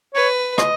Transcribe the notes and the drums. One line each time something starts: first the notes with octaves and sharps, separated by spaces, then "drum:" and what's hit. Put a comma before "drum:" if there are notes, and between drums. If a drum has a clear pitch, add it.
B4 C#5
D#5, drum: rim click